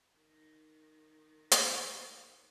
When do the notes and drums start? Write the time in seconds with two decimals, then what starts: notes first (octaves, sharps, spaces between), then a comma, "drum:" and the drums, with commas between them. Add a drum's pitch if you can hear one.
0.15 D#3 D#4
1.51 drum: hi-hat